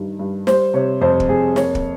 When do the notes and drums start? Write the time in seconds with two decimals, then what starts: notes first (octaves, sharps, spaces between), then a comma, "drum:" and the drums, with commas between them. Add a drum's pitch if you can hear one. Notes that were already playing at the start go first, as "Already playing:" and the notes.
Already playing: G2 D#3
0.19 G2
0.47 G3 C5, drum: snare
0.73 C3 C#5
1.01 F2 C5
1.20 drum: kick
1.29 F2 G#4
1.56 A#3 C#5, drum: snare
1.75 drum: kick